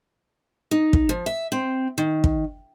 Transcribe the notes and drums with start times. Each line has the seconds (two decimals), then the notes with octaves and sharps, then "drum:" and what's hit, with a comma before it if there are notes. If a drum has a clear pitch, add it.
0.71 D#4
0.93 drum: kick
1.09 F3
1.26 E5
1.52 C4
1.98 D#3
2.24 drum: kick